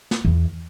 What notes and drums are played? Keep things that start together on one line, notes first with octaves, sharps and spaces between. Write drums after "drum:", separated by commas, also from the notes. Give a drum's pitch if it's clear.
drum: snare
E2